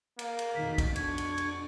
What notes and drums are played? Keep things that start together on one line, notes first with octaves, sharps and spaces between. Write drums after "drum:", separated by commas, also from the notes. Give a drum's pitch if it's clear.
A#3, drum: cymbal
drum: cymbal
F2 B2 D#3 B6
drum: kick, cymbal
D4 C#6 G#6, drum: cymbal
drum: cymbal
drum: cymbal